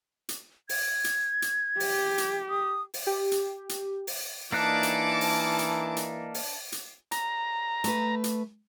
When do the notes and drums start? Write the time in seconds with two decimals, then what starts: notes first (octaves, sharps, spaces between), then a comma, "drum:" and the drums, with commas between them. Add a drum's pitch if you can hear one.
0.29 drum: hi-hat
0.69 G#6, drum: open hi-hat
1.04 drum: hi-hat
1.42 drum: hi-hat
1.80 G4, drum: open hi-hat
2.18 drum: hi-hat
2.50 D#6
2.94 drum: open hi-hat
3.07 G4
3.31 drum: hi-hat
3.69 drum: hi-hat
4.07 drum: open hi-hat
4.52 E3 A#3 D4 D#4 A5 D6 F#6
4.83 drum: hi-hat
5.21 drum: open hi-hat
5.59 drum: hi-hat
5.97 drum: hi-hat
6.34 drum: open hi-hat
6.72 drum: hi-hat
7.11 A#5, drum: hi-hat
7.84 A3 B4, drum: hi-hat
8.24 drum: hi-hat